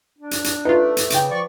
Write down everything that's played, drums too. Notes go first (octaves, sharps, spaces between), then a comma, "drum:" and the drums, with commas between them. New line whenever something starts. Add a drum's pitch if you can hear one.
D4
drum: hi-hat
drum: hi-hat
A3 D#4 F4 B4
drum: hi-hat
C#3 G5 D6, drum: hi-hat
F3 D5 C#6